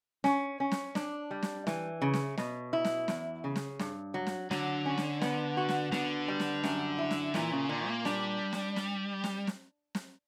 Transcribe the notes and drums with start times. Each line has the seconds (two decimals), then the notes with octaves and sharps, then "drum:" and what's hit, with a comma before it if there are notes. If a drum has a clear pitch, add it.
0.24 C#4, drum: snare
0.60 C#4
0.72 drum: snare
0.95 D4, drum: snare
1.31 G3
1.43 drum: snare
1.67 E3, drum: snare
2.02 C#3
2.14 drum: snare
2.38 B2, drum: snare
2.73 E4
2.85 drum: snare
3.08 E2, drum: snare
3.44 C#3
3.56 drum: snare
3.79 G2, drum: snare
4.14 F#3
4.27 drum: snare
4.51 D3 F#3, drum: snare
4.85 C#4
4.98 drum: snare
5.22 B3, drum: snare
5.57 F#4
5.69 drum: snare
5.92 D3 B3, drum: snare
6.28 G3
6.40 drum: snare
6.64 F#2, drum: snare
6.98 E4
7.11 drum: snare
7.34 A#2 E3, drum: snare
7.52 C#3
7.69 A#2 D3
7.88 A#3
8.05 G3 D4, drum: snare
8.53 drum: snare
8.76 drum: snare
9.24 drum: snare
9.47 drum: snare
9.95 drum: snare